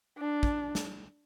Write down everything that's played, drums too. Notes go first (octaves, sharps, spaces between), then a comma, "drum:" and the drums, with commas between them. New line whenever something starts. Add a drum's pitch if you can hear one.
D4
drum: kick
drum: snare